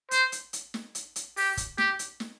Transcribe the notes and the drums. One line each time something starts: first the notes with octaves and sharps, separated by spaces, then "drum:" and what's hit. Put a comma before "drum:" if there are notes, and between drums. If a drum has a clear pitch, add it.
C5, drum: hi-hat
drum: hi-hat
drum: hi-hat
drum: snare
drum: hi-hat
drum: hi-hat
G4, drum: open hi-hat
drum: kick, hi-hat
G4, drum: snare
drum: hi-hat
drum: snare